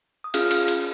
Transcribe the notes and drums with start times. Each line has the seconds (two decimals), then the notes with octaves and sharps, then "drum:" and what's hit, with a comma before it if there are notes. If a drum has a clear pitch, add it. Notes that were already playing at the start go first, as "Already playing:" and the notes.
0.24 D#6
0.34 C#4 F4 G#4 F5 F6, drum: cymbal
0.51 drum: cymbal
0.68 drum: cymbal